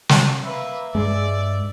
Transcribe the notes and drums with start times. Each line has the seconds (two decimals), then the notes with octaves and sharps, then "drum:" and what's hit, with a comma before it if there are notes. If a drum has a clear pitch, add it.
0.09 drum: snare
0.45 A#3 B4 E5
0.95 G2 G#3 D5